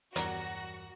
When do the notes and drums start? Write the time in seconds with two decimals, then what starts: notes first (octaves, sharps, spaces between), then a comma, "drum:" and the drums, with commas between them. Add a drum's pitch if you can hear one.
0.16 E2 G2 F#3 G3 F#4 A#4, drum: hi-hat